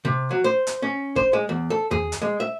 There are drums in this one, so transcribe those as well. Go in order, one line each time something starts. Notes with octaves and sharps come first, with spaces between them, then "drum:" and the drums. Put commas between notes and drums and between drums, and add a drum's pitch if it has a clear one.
C3
F#3
C5
drum: hi-hat
C#4
C5, drum: kick
G#3
E2
A4
G#4, drum: tom E2
drum: hi-hat
G#3
E5